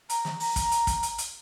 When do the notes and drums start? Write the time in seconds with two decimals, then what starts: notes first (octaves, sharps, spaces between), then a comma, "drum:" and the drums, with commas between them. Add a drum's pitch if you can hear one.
0.10 A#5, drum: hi-hat
0.25 drum: snare
0.40 A#5, drum: open hi-hat
0.56 drum: kick, hi-hat
0.72 drum: hi-hat
0.87 drum: kick, hi-hat
1.03 drum: hi-hat
1.18 drum: hi-hat